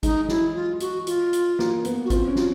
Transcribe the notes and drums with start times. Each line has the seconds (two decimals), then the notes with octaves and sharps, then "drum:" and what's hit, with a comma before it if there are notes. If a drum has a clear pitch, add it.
0.03 G#3 D#4, drum: kick G1, hi-hat
0.28 G#3 E4, drum: snare
0.55 F4
0.80 F#4, drum: hi-hat
1.07 F4, drum: hi-hat
1.33 drum: hi-hat
1.59 A#3, drum: snare
1.85 B3, drum: hi-hat
2.05 F#4
2.10 C4 F4, drum: kick G1, hi-hat
2.28 C#4
2.35 F4, drum: snare